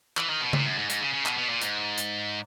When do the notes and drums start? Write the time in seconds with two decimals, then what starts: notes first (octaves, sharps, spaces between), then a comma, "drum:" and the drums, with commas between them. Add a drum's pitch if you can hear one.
0.17 E3, drum: clap
0.30 D#3
0.41 B2
0.53 A#2, drum: tom C#3
0.66 F#2
0.78 G#2
0.90 G#2, drum: hi-hat
1.02 C#3
1.14 C#3
1.26 B2, drum: clap
1.38 B2
1.49 A#2
1.61 G#2, drum: hi-hat
1.98 drum: hi-hat